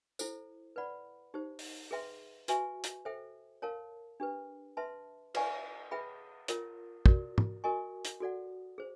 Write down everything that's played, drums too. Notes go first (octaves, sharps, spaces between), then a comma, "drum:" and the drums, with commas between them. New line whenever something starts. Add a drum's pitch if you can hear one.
E4 A4 C5, drum: tambourine
B4 D5 F#5 B5
D#4 G4 C5
drum: open hi-hat
G#4 B4 E5 G5 C6
F#4 B4 E5 G#5 C#6, drum: hi-hat
drum: hi-hat
A4 C5 E5 G5
A#4 C#5 F5 A5
D4 G4 B4
B4 E5 A5 C6
B4 D5 F5 G#5 C#6, drum: cymbal
G#4 B4 E5 G5 B5
F4 A#4 C#5, drum: hi-hat
F#4 A#4 D5, drum: kick
drum: tom
F#4 A#4 D#5 G#5 C#6
drum: hi-hat
F#4 A4 D5 F#5
G#4 C5